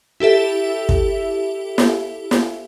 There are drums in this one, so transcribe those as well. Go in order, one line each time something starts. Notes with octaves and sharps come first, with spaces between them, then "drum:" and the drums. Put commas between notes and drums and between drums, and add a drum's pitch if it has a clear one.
E4 G4 A4 E5
drum: kick
drum: snare
drum: snare